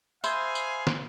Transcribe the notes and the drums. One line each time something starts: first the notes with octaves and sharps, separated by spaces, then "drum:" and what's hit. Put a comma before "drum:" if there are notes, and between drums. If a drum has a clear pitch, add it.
G#4 C5 E5 F5 G#5 B5 E6, drum: tambourine
drum: tambourine
drum: snare